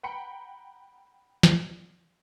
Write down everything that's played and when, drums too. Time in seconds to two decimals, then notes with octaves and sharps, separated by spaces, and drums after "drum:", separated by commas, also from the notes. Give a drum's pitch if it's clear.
0.03 F#5 G5 A#5 B5 C#7 D7
1.43 drum: snare